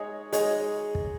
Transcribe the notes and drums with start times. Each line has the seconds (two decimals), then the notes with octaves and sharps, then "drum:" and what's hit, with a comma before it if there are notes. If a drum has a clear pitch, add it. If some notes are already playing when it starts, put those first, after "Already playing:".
Already playing: G#3 D#4 G#4 C#5
0.33 G#3 D#4 G#4 C#5, drum: hi-hat
0.95 drum: kick